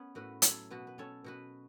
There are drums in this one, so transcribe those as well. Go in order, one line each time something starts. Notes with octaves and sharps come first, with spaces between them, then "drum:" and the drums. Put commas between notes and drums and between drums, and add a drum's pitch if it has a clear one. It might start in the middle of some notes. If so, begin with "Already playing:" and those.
Already playing: B3 C#4
A2 F#4 B4
F#3 A4 C#5, drum: hi-hat
B2 F#4 B4
B4
C#4 A4 C#5
B2 F#4 B4